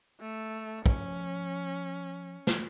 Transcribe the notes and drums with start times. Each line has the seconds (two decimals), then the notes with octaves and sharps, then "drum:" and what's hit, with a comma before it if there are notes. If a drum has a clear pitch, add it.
0.21 A3
0.86 F3 C#4, drum: kick
2.47 drum: snare